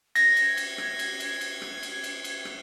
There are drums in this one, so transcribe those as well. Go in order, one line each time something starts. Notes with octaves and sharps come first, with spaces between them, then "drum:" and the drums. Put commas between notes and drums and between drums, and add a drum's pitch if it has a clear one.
G#6 A#6, drum: cymbal
drum: cymbal
drum: cymbal
drum: rim click
drum: cymbal
drum: cymbal
drum: cymbal
drum: rim click
drum: cymbal
drum: cymbal
drum: cymbal
drum: rim click